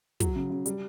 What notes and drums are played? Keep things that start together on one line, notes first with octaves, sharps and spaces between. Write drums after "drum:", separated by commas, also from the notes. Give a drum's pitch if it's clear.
F#3, drum: kick, hi-hat
C#3
C#3
G3, drum: hi-hat